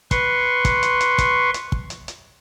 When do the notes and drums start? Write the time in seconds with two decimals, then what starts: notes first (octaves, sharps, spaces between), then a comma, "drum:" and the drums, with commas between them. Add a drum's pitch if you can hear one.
0.11 B4 C6 C#6, drum: kick, hi-hat
0.65 drum: kick, hi-hat
0.83 drum: hi-hat
1.00 drum: hi-hat
1.18 drum: kick, hi-hat
1.54 drum: hi-hat
1.72 drum: kick
1.90 drum: hi-hat
2.08 drum: hi-hat